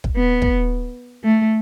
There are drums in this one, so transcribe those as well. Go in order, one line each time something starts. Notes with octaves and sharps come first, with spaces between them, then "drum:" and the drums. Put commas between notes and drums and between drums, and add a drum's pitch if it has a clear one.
drum: kick
B3
drum: kick
A3